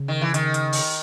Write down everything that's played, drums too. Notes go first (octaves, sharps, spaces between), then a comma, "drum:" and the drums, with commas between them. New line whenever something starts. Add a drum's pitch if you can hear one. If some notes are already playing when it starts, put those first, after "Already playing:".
Already playing: C#3
D#3
E3
D#3, drum: hi-hat
drum: hi-hat
drum: open hi-hat